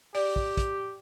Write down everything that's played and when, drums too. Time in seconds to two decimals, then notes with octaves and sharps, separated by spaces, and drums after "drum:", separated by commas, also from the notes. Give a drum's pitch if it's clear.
0.15 G4 D5, drum: open hi-hat
0.36 drum: kick
0.57 drum: kick, hi-hat